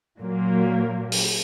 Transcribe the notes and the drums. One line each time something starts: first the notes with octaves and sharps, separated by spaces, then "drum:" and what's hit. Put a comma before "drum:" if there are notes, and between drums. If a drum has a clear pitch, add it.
A#2 F#3 A#3
drum: open hi-hat